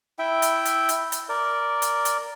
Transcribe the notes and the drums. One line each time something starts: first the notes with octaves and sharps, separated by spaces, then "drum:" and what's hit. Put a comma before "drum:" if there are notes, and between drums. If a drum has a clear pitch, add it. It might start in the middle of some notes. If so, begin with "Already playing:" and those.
E4 E5 G5
drum: hi-hat
drum: hi-hat
drum: hi-hat
drum: hi-hat
A#4 D5
drum: hi-hat
drum: hi-hat